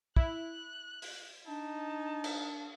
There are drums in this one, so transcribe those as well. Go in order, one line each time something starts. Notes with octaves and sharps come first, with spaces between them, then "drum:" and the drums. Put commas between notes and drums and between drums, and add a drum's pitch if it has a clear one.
E4 F#6, drum: kick
drum: open hi-hat
D4 D#4 A5
drum: cymbal